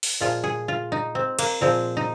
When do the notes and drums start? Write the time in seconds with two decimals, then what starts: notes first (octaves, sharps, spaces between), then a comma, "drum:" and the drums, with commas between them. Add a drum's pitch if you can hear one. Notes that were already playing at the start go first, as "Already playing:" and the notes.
0.03 drum: open hi-hat
0.20 A#2 F3 G#3 F4
0.44 G#4
0.68 F4
0.92 D#4
1.15 C4
1.39 A#3, drum: cymbal
1.61 A#2 F3 G#3 C4
1.97 D#4